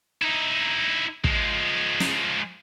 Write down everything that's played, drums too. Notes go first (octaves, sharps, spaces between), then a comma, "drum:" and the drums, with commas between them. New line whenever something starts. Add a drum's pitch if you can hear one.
D#4 E4
F3 G#3, drum: kick
drum: snare